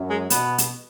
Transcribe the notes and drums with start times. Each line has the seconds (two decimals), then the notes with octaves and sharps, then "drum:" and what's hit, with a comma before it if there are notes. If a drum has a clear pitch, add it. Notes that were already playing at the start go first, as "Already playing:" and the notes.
Already playing: F#2
0.10 G#3
0.30 B2 B3, drum: hi-hat
0.58 drum: hi-hat